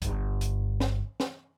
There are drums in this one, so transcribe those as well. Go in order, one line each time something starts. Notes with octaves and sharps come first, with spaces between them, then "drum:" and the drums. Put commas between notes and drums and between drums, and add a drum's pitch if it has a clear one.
G1 G2, drum: kick C2, hi-hat
drum: hi-hat
drum: snare
drum: snare